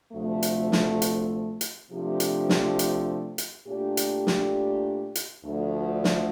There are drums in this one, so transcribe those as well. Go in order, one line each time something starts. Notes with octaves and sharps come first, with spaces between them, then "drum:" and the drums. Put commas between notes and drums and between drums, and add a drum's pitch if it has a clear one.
D2 C3 F3 A3
drum: hi-hat
drum: snare
drum: hi-hat
drum: hi-hat
C3 F3 A3 D4 G4
drum: hi-hat
drum: snare
drum: hi-hat
drum: hi-hat
A#2 A3 D4 G4
drum: hi-hat
drum: snare
drum: hi-hat
D2 D3 F3 A3
drum: snare